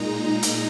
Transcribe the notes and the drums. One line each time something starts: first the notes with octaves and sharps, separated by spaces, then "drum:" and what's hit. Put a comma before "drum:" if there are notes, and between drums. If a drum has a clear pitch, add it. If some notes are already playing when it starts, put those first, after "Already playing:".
Already playing: A#2 G#3 D#4 A#5
drum: hi-hat